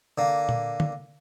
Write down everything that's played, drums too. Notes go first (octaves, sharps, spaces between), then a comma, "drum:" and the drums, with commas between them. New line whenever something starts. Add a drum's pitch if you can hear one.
D3 A#3
drum: tom A#2
drum: tom D3